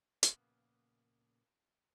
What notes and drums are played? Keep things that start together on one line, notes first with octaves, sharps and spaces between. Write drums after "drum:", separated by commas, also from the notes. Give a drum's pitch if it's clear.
A#2 C#3 F3 A#3 B3, drum: hi-hat